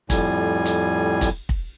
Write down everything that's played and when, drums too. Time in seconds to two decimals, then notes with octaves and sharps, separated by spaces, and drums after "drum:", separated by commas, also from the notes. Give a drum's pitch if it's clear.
0.10 F2 A2 G3 G#5, drum: kick, hi-hat
0.65 drum: hi-hat
1.21 drum: kick, hi-hat
1.49 drum: kick